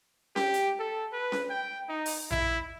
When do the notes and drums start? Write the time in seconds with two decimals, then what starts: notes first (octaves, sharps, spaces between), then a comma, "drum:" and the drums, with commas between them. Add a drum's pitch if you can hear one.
0.36 G4, drum: snare C#4
0.54 drum: hi-hat
0.79 A4
1.13 B4
1.32 drum: snare C#4
1.50 G5
1.89 D#4
2.06 drum: open hi-hat
2.31 E4, drum: tom A#1